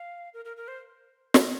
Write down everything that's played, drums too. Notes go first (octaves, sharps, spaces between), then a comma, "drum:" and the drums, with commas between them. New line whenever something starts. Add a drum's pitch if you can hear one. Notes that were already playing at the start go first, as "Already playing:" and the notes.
Already playing: F5
A#4
A#4
A#4
C5
drum: snare